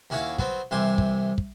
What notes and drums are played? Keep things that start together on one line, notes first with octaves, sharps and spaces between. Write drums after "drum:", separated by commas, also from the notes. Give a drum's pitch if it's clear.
D#2 C#4 E4 F#4 C#5 F5
F#3 B3 C4, drum: kick
C2 C3 E3 G4 G#5 C6
drum: kick
drum: kick